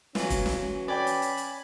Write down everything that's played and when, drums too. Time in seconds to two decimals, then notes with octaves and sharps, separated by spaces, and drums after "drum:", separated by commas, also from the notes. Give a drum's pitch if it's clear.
0.15 E3 F#3 C#4 F4, drum: snare
0.30 drum: kick, hi-hat
0.46 drum: snare
0.88 D5 G5 G#5 B5
1.07 drum: hi-hat
1.22 drum: hi-hat
1.37 drum: hi-hat